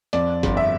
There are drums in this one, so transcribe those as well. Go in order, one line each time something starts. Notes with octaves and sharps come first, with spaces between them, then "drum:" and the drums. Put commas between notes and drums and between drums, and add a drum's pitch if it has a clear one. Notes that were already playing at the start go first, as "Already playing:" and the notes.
F2 D5, drum: hi-hat
G1, drum: kick, hi-hat
E5